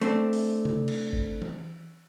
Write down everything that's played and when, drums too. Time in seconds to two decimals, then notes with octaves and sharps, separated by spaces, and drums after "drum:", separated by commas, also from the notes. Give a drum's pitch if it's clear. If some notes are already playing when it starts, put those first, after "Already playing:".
0.01 A3 C4 D4, drum: hi-hat
0.33 drum: open hi-hat
0.65 drum: tom C3
0.88 drum: cymbal
1.13 drum: kick G1
1.42 drum: tom E3